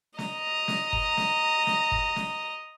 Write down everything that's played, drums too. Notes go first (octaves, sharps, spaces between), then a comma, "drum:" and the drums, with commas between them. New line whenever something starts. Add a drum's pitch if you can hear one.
D#5 A#5, drum: snare
drum: snare
drum: kick
drum: snare
drum: snare
drum: kick
drum: snare